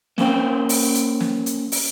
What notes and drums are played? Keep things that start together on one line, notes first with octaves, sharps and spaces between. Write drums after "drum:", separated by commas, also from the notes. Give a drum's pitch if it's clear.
A#3 C#4 C5 G5, drum: snare
drum: open hi-hat
drum: hi-hat
drum: snare
drum: hi-hat
drum: open hi-hat